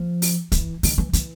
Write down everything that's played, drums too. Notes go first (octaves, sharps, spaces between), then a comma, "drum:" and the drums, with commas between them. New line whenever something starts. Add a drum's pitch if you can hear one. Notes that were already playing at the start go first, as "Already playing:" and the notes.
Already playing: F3
drum: open hi-hat
E3, drum: kick, hi-hat
D#3, drum: open hi-hat
E3
E3, drum: hi-hat